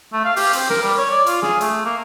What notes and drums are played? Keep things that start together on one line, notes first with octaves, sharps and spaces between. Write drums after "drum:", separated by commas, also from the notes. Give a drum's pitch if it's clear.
A3
F5
G4, drum: open hi-hat
C4, drum: hi-hat
A#4, drum: snare
G3
C#5
D5
F4, drum: hi-hat
G#4, drum: snare
A3, drum: hi-hat
A#3